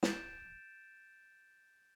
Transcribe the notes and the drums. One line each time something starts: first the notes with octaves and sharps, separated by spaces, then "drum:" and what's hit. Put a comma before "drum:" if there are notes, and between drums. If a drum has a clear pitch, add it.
G6 A6 D7 E7, drum: snare